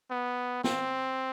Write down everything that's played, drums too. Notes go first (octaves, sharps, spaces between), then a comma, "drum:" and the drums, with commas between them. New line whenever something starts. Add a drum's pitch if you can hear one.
B3
C4, drum: snare